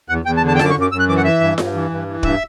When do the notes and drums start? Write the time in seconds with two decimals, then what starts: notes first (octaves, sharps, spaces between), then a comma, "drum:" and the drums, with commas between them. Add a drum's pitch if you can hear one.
0.09 E2 F#5
0.25 E2 G5
0.37 A5
0.42 D3
0.48 A5
0.55 G5
0.59 F#2 A5, drum: snare F4
0.64 D6
0.70 C#6
0.75 F#2
0.81 D6
0.92 F#2 E6
1.00 F#6
1.08 E3 D6
1.17 F#5
1.24 E3 E5
1.41 G2
1.58 G2, drum: snare F4
1.74 E3
1.90 G2
2.07 E3
2.23 G2 E5, drum: kick D1